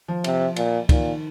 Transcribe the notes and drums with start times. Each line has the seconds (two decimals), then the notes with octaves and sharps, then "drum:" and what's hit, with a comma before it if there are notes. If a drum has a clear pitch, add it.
0.08 F3
0.24 C3, drum: cymbal
0.56 A#2, drum: cymbal
0.89 A#2 D#3, drum: kick, cymbal